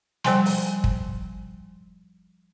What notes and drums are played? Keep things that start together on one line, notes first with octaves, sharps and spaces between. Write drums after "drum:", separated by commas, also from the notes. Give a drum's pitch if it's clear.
F3 G3 C5 G5 G#5 C6, drum: snare
drum: open hi-hat
drum: kick